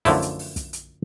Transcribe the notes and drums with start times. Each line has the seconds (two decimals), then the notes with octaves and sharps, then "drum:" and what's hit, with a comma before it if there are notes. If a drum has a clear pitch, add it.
0.05 F#2 D3 F3 A3 E4, drum: kick, open hi-hat
0.22 drum: hi-hat
0.39 drum: open hi-hat
0.56 drum: kick, hi-hat
0.73 drum: hi-hat